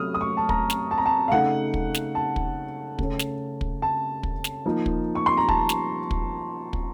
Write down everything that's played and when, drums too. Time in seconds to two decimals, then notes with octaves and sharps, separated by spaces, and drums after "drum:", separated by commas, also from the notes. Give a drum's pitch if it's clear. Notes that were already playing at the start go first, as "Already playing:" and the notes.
Already playing: C3 F#3 A3 C#4 D#6 F6
0.14 D#6
0.21 C#6
0.37 A5
0.49 A#5, drum: kick
0.70 drum: snare
0.91 A5
0.98 A#5
1.06 A5
1.28 F5
1.32 C#3 A3 D#4 F#5
1.74 drum: kick
1.94 drum: snare
2.15 A5
2.36 drum: kick
2.99 C#3 A3 C#4, drum: kick
3.19 drum: snare
3.61 drum: kick
3.82 A5
4.23 drum: kick
4.44 drum: snare
4.65 F3 A#3 D#4
4.86 drum: kick
5.15 C#6
5.26 C6
5.37 A#5
5.49 A5, drum: kick
5.69 drum: snare
6.11 drum: kick
6.73 drum: kick